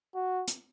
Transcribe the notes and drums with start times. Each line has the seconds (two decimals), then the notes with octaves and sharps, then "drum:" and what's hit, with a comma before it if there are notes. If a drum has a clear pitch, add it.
0.15 F#4
0.48 drum: hi-hat